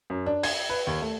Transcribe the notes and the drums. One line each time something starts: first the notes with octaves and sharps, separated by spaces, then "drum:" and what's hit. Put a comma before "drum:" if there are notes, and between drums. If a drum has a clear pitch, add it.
F#2
D4
G#6, drum: open hi-hat
B4
D#2
A3